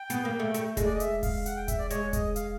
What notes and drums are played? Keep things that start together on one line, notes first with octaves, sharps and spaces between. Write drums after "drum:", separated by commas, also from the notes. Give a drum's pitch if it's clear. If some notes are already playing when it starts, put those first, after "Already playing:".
Already playing: G5
B3, drum: hi-hat
A#3
A3
A3, drum: hi-hat
G#3, drum: kick E1, hi-hat
D5
D#5
E5, drum: hi-hat
F5, drum: kick E1, open hi-hat
F#5, drum: hi-hat
G5
E5, drum: kick E1, hi-hat
D5
G#3 C#5, drum: hi-hat
D#5, drum: kick E1, hi-hat
F5, drum: hi-hat